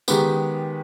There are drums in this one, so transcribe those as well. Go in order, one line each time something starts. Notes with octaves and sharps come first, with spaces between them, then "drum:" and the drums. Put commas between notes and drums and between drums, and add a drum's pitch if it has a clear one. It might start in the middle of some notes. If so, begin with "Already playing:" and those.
D#3 G#3 B3 G4, drum: tambourine